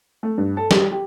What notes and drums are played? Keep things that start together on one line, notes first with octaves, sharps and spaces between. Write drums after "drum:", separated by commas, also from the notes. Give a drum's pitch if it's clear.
A3
G2
A4
G3, drum: snare
G4